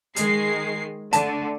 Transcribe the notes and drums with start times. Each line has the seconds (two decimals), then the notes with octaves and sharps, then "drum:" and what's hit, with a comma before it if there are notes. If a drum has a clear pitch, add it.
0.16 D#3 G#3 C7, drum: hi-hat
1.13 D3 A3 A5, drum: hi-hat